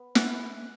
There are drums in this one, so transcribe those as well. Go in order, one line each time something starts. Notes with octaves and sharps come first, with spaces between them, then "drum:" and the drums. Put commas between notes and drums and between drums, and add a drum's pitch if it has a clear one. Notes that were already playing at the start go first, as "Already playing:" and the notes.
Already playing: B3
E3 F#5, drum: snare